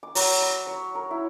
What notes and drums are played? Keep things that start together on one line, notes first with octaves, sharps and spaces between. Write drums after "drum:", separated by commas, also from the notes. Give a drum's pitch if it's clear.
D6
F#3, drum: open hi-hat
B5
C#5
A#4
E4